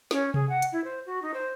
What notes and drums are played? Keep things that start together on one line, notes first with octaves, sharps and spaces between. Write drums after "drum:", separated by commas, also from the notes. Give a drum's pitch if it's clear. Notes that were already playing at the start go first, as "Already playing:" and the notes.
C#4, drum: snare
G#4, drum: tom C3
F#5
drum: hi-hat
E4
C5
F#4
D#4
C5